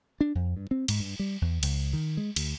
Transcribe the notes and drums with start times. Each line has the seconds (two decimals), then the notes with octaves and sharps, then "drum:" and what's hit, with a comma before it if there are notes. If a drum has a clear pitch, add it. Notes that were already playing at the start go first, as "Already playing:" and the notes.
0.21 D4
0.35 F2
0.56 G2
0.71 C4
0.88 G#2, drum: cymbal
1.00 G2
1.19 G3
1.42 E2
1.63 C#2, drum: cymbal
1.93 D#3
2.17 G#3
2.36 D2, drum: cymbal